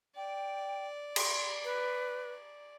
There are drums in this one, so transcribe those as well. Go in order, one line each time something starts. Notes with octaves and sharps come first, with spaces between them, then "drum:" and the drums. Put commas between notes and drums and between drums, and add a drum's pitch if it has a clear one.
D5 G5
C6, drum: cymbal
B4